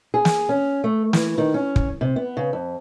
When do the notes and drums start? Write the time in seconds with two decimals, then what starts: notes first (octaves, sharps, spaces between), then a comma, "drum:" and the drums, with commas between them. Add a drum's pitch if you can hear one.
0.14 G#4
0.25 drum: snare
0.49 C#4
0.84 A3
1.13 E3, drum: snare
1.38 D#3
1.54 C#4
1.76 drum: kick
2.01 C3
2.16 B3
2.37 C#3
2.53 F2